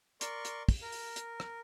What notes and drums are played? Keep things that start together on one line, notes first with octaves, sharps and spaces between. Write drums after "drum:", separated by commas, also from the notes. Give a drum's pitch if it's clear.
A#4 D5 C6 C#6, drum: hi-hat
drum: hi-hat
drum: kick, open hi-hat
A#4
drum: open hi-hat
drum: hi-hat
drum: rim click